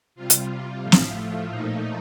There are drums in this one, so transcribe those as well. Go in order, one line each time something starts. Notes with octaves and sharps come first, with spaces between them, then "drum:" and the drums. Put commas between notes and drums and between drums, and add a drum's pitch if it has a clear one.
C3 G3 F4
drum: hi-hat
A2 F3 A3
drum: snare
A#2 F3 A3 D#4